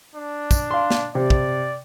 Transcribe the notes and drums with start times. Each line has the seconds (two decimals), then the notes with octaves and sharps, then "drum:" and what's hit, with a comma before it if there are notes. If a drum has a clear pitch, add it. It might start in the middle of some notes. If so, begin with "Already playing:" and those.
0.15 D4
0.51 drum: kick, tambourine
0.71 F5 C6
0.91 drum: snare
1.15 C3 D5
1.30 drum: kick